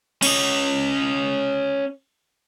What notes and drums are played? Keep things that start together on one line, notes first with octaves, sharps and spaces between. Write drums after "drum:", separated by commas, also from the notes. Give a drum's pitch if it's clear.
C#4 D#5, drum: cymbal